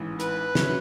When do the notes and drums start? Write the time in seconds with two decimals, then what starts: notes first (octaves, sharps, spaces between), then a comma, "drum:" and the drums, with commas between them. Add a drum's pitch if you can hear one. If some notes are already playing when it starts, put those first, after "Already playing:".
Already playing: A1 G#2 E3
0.20 B4, drum: hi-hat
0.55 F#3 C#4 E4, drum: snare